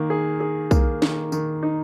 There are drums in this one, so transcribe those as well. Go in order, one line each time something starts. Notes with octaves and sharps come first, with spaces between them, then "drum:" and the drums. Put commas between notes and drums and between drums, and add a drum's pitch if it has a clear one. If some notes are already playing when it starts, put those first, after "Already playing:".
Already playing: D#3 A#3
G#4
G#4
A#3, drum: kick, tambourine
D#3, drum: snare
D#3, drum: tambourine
D#4